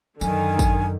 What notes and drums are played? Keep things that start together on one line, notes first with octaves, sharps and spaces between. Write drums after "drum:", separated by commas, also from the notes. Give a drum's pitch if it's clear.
F#2 D3 D#3 G#5, drum: tambourine
drum: kick G#1, tambourine